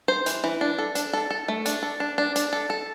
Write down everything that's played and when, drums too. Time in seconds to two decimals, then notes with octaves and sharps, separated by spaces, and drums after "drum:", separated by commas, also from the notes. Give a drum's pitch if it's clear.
0.08 C5
0.26 E3, drum: hi-hat
0.44 E3
0.61 D4
0.78 A4
0.95 D4, drum: hi-hat
1.13 A4
1.31 A4
1.48 A3
1.66 D4, drum: hi-hat
1.83 A4
2.00 D4
2.18 D4
2.36 D4, drum: hi-hat
2.53 A4
2.70 A4